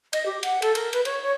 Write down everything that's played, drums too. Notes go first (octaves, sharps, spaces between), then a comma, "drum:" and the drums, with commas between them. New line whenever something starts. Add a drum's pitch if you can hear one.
D#5, drum: cymbal
G4
F#5, drum: cymbal
A4, drum: cymbal
A#4, drum: cymbal
B4, drum: cymbal
C#5, drum: cymbal
C#5